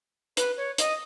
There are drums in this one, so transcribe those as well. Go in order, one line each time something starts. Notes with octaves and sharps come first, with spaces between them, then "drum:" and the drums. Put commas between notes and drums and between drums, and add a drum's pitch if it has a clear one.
B4, drum: hi-hat
C#5
D#5, drum: hi-hat